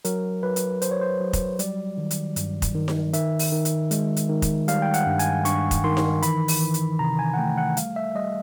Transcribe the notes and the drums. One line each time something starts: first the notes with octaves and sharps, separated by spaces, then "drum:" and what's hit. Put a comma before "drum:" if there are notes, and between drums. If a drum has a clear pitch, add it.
F#3 A#4, drum: hi-hat
F#3 B4
drum: hi-hat
F#3 C5, drum: hi-hat
C#5
C5
F#3
drum: kick F1, hi-hat
G3 D5, drum: hi-hat
D#3
drum: hi-hat
G2, drum: hi-hat
drum: kick F1, hi-hat
D#3
drum: snare D#4
D#3 E5, drum: hi-hat
drum: open hi-hat
D#3
drum: hi-hat
G#3, drum: hi-hat
drum: hi-hat
D#3
drum: kick F1, hi-hat
G3 F5, drum: hi-hat
G5
F#5, drum: hi-hat
G2
G#5, drum: hi-hat
G2 C#6, drum: hi-hat
drum: kick F1, hi-hat
D#3 C6
drum: snare D#4
E3 B5, drum: hi-hat
drum: open hi-hat
E3
drum: hi-hat
C3 A#5
G#5
F#5
A3 G5
F#5
G3 F5, drum: hi-hat
E5
G3 D#5